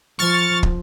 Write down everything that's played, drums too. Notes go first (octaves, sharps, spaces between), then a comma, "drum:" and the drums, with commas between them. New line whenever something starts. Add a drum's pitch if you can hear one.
F3 C#6 F6 A6
drum: kick